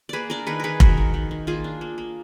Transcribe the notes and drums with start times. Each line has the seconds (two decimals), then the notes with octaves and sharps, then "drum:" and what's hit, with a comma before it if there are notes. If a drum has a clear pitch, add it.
0.09 A#3 G#4 B4 D5
0.30 D4 A#4 D5
0.47 D#3 G#4 B4
0.60 D#3 G#4 A#4 B4
0.80 D#3 F#4 A#4, drum: kick F1
0.97 D#3
1.14 D#3
1.31 D#3
1.47 A#3 F4 G#4
1.64 D4
1.81 A#3
1.98 A#3